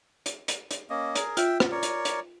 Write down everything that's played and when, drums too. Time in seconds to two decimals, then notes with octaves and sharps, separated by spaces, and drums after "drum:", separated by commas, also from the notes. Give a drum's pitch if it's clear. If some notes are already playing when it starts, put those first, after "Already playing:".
0.26 drum: hi-hat
0.48 drum: hi-hat
0.71 drum: hi-hat
0.90 A#3 C#4 D#5
1.15 G#4 A#4, drum: hi-hat
1.37 F4 E5 G5, drum: hi-hat
1.60 drum: rim click
1.71 A#4 C#5 D5
1.83 drum: hi-hat
2.05 drum: hi-hat